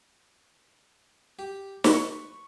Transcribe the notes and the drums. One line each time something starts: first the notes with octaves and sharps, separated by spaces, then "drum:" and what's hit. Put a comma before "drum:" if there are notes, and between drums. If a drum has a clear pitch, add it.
G4
B4 C#6, drum: snare